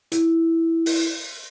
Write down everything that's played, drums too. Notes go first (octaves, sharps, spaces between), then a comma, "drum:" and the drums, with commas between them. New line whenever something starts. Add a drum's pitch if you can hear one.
E4, drum: hi-hat
drum: open hi-hat